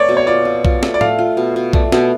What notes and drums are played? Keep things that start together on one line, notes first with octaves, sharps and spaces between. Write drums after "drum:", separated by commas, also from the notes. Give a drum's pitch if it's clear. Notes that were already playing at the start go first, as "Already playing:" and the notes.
Already playing: A3 C#5 D5
B2
C#5
F4 D5
F4
F4, drum: kick B1
A3, drum: snare
D5
A3 F5, drum: tom A2
F4
B2
B2
A3 D5, drum: kick B1
B2, drum: snare